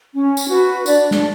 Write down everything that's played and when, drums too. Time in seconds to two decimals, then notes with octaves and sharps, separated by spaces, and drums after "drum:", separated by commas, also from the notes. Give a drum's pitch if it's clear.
0.13 C#4
0.37 drum: tambourine
0.49 F#4 B4
0.86 D4 D5, drum: tambourine
1.11 drum: snare